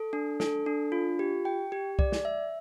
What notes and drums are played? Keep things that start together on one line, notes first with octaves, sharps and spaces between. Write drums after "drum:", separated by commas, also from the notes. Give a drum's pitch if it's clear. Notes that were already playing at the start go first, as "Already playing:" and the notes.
Already playing: A4
D4
A4, drum: snare
D4
F4
G4
G5
G4
D5, drum: kick C2
drum: snare
E5